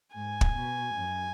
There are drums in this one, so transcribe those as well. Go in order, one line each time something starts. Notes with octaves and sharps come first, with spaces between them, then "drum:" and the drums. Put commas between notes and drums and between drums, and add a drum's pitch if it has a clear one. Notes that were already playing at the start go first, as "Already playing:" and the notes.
G#2 G#5
drum: kick
B2
F#2